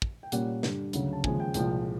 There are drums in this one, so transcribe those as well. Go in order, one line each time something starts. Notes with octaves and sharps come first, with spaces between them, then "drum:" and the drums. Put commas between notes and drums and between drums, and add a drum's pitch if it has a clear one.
drum: kick
G5
A#2 G3 A#3 C#4 F#5, drum: hi-hat
G2 D3 G3, drum: snare
D2 C#3 F#3, drum: hi-hat
A5
D#2 C#3 F3 G#3 G#5, drum: kick
G5
C2 A#2 F3 G#3 G5, drum: hi-hat